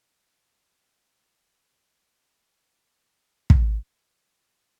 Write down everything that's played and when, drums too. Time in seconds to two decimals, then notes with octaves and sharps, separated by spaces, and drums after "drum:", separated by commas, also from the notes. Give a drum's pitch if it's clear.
0.24 D4 D#4 A4 A#5 G#6 C#7
2.74 D#2 E4 F5 G#5 A#5 F6
3.50 drum: kick
4.01 F4
4.40 A2